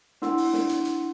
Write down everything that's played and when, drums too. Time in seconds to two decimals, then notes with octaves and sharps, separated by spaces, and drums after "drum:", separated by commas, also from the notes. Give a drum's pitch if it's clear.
0.22 D4 E4 F#5 C6 E6, drum: snare
0.38 drum: open hi-hat
0.53 drum: snare
0.69 drum: hi-hat
0.85 drum: hi-hat